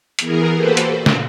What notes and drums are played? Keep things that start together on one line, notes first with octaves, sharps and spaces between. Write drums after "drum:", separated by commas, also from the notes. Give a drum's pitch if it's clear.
E3 B3 G#4 A#4, drum: hi-hat
A#3 F#4 G4 A4 B4 C5
drum: hi-hat
A#2
drum: snare